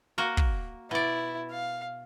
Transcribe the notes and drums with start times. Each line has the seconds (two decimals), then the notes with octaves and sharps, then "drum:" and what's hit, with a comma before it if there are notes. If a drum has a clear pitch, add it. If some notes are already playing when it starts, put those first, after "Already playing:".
0.18 A#3 F#4 A#4
0.37 drum: kick
0.91 B2 E4 D5
1.51 F5